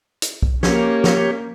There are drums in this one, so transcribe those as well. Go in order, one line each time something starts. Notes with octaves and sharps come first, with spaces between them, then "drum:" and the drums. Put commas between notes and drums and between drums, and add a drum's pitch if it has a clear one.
drum: hi-hat
drum: kick B1
A#3 C#4 G4 C#5, drum: snare
drum: snare